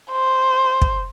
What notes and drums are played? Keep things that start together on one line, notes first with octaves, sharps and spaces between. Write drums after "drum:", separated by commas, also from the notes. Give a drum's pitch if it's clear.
C5
drum: kick